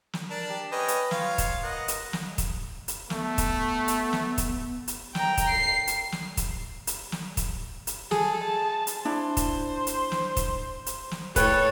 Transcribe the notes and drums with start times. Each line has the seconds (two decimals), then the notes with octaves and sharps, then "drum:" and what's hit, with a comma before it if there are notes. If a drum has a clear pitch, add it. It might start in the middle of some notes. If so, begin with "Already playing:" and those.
0.13 drum: snare
0.30 D4 A#4 A5
0.49 G4
0.72 C#4 B4 D#5 G5
0.88 drum: hi-hat
1.11 F4 C#5 F5, drum: snare
1.38 drum: kick, hi-hat
1.63 A#4 D#5 F#5
1.88 drum: hi-hat
2.13 drum: snare
2.38 drum: kick, hi-hat
2.88 drum: hi-hat
3.10 A3 B3, drum: snare
3.38 drum: kick, hi-hat
3.88 drum: hi-hat
4.13 drum: snare
4.38 drum: kick, hi-hat
4.88 drum: hi-hat
5.15 G5 A#5, drum: snare
5.37 drum: kick, hi-hat
5.48 C7
5.87 drum: hi-hat
6.12 drum: snare
6.37 drum: kick, hi-hat
6.87 drum: hi-hat
7.12 drum: snare
7.37 drum: kick, hi-hat
7.87 drum: hi-hat
8.11 G#4 A4, drum: snare
8.44 A5
8.87 drum: hi-hat
9.05 D4 E4 C5
9.37 drum: kick, hi-hat
9.87 drum: hi-hat
10.12 drum: snare
10.37 drum: kick, hi-hat
10.86 drum: hi-hat
11.11 drum: snare
11.36 A2 A4 B4 C#5 G5, drum: kick, hi-hat